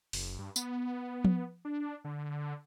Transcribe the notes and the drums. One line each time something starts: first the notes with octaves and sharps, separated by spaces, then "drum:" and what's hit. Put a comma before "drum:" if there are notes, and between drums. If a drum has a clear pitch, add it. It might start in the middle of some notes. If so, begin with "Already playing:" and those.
F#1, drum: open hi-hat
G2
B3, drum: tambourine
drum: tom F3
D4
D3